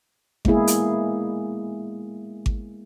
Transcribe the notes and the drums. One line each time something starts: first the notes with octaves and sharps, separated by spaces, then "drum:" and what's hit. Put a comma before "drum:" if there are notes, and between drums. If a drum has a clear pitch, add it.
G#3 A#3 B3 E4 G#4, drum: kick G#1
drum: hi-hat
drum: kick G#1